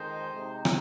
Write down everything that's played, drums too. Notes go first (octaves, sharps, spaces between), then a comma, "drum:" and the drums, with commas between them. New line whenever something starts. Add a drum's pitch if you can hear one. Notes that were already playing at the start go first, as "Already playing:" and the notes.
Already playing: F2 D#3 G#3 D#4 C5
C3 G#3 D#4
drum: rim click